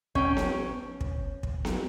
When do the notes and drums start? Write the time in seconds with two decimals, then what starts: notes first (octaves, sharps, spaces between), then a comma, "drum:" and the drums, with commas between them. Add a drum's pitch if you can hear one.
0.15 C#4 G5, drum: kick
0.37 drum: snare B3
1.01 drum: kick
1.43 drum: kick
1.65 drum: snare B3